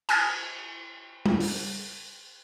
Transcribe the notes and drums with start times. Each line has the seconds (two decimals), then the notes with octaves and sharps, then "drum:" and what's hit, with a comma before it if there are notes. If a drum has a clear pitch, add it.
0.09 G#5 A5 D#6 F6 G#6 A6, drum: cymbal
1.26 drum: tom G3
1.40 drum: open hi-hat